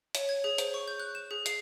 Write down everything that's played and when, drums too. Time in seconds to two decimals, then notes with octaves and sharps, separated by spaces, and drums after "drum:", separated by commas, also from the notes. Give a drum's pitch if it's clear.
0.15 C#5, drum: hi-hat
0.29 G#6
0.44 G#4
0.58 C5, drum: hi-hat
0.74 C#6
0.88 G6
1.00 F#6
1.15 E7
1.31 G#4
1.46 C7, drum: hi-hat